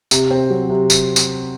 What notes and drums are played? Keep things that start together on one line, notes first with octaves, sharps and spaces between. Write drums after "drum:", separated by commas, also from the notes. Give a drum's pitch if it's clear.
C3, drum: tambourine
C4
F#3
C3
drum: tambourine
drum: tambourine